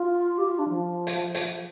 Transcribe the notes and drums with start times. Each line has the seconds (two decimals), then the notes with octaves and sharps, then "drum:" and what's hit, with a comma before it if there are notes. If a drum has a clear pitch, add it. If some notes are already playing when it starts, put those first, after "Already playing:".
Already playing: F4
0.38 G4
0.48 F4
0.58 D4
0.69 F3
1.07 drum: hi-hat
1.34 drum: hi-hat